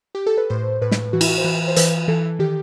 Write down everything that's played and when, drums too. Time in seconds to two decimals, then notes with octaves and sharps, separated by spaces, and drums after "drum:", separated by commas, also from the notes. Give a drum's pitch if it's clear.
0.15 G4
0.26 A4
0.38 B4
0.50 A2 C5
0.81 A2 B4
0.91 drum: snare
1.13 E3 F#4
1.21 E4, drum: cymbal
1.29 F#4
1.38 C5
1.44 E3 B4
1.68 C5
1.76 E3 B4, drum: hi-hat
2.08 E3 A4
2.39 D#3 G4